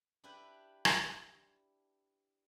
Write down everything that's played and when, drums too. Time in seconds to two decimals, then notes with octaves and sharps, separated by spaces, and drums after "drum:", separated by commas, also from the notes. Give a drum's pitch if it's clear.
0.24 D4 E4 G4 B4
0.85 drum: rim click